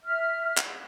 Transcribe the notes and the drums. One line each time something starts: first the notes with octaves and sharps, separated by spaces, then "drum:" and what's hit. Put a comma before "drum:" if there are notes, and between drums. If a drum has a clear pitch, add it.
E5 F6
drum: clap